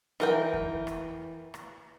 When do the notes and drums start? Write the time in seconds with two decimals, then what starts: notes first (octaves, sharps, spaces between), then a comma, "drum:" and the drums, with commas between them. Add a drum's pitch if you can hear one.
0.20 E3 A#4 G5, drum: rim click
0.53 drum: kick F2
0.87 drum: rim click
1.54 drum: rim click